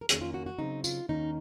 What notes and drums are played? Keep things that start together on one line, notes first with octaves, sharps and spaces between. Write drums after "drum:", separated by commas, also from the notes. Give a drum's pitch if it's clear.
A#4
F2 D#3 A#3 C#4 G#4, drum: hi-hat
F4
F#4
F#4
C#3 F#3 C4 D#4
F4, drum: tambourine
D#2 D#3 A#3 C#4 D#4